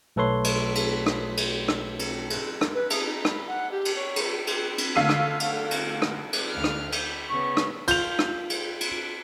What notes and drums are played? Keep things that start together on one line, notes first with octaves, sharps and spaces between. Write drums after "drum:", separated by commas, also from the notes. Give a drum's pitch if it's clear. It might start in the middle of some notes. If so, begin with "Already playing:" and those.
B1 A3 A4 B4 C#5 C6
drum: cymbal
drum: cymbal
drum: rim click
drum: cymbal
drum: rim click
drum: cymbal
drum: cymbal
drum: rim click
B4
G#4, drum: cymbal
D#4
B5, drum: rim click
F#5
G4
drum: cymbal
C#5
drum: cymbal
drum: cymbal
drum: cymbal
D3 A3 F5 E6 D#7
drum: rim click
drum: cymbal
drum: cymbal
drum: rim click
drum: cymbal
D2 F5 F6
drum: rim click
G6, drum: cymbal
C#3 B3 C#6
drum: rim click
F4 G6 F7, drum: cymbal
drum: rim click
drum: cymbal
drum: cymbal